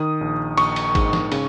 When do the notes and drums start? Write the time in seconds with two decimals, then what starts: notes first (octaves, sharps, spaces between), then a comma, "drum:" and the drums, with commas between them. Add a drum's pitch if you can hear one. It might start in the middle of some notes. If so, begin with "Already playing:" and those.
Already playing: D#3 D#6
0.21 A#1
0.57 A#1 C#6, drum: cymbal
0.76 drum: cymbal
0.95 G#2, drum: kick G#1, cymbal
1.13 drum: snare
1.32 C#3, drum: cymbal